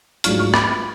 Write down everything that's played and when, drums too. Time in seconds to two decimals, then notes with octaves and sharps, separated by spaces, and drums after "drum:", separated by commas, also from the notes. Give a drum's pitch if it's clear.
0.24 G#2 F#3 A3 D4 F4 C#6 F6, drum: hi-hat
0.39 C#6 F6
0.54 B5 D6, drum: rim click